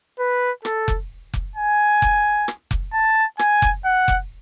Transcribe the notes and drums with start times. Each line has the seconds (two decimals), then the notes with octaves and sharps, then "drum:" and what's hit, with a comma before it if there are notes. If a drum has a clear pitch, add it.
0.19 B4
0.65 A4, drum: rim click
0.88 drum: kick F1
1.34 drum: kick F1
1.56 G#5
2.02 drum: kick F1
2.48 drum: rim click
2.71 drum: kick F1
2.94 A5
3.39 G#5, drum: rim click
3.62 drum: kick F1
3.85 F#5
4.08 drum: kick F1